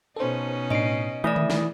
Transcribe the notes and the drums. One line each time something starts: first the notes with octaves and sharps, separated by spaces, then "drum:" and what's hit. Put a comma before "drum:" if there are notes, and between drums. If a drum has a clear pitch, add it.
B2 C#4 D#4 A4 C5
A2 D4 D#5 C7 D7
E3 A3 E4 D5 D#6
drum: tom D3
drum: snare